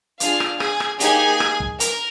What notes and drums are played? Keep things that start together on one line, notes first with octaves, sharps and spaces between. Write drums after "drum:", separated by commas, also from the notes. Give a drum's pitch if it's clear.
D4 F4 G#4 F5 F6, drum: hi-hat
drum: rim click
G#4 G#5, drum: rim click
drum: rim click
A#3 D#4 G4 G#4 G#5, drum: hi-hat
drum: rim click
drum: kick
A#4 A#5, drum: hi-hat